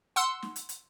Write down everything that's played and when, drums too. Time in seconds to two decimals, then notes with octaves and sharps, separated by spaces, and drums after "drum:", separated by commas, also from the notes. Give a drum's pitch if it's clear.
0.16 F#5 C6 E6
0.42 drum: snare
0.56 drum: hi-hat
0.69 drum: hi-hat